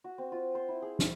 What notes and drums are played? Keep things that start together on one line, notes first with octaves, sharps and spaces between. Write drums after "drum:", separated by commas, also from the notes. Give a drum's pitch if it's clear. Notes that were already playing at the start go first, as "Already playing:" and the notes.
F#4
C4
F4
C5
E4
G#4
C#6, drum: snare